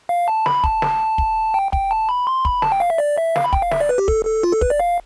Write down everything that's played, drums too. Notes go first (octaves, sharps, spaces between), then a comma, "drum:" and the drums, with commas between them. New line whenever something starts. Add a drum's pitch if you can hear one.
F5
A5
B5, drum: snare
A5, drum: kick
drum: snare
drum: kick
G5
G5, drum: kick
A5
B5
C6
B5, drum: kick
A5, drum: snare
G5
F5
E5
D5
E5
F5, drum: snare
B5
G5, drum: kick
F5
E5, drum: snare
D5
B4
G4
A4, drum: kick
A4
F4
A4
B4, drum: kick
D5
F5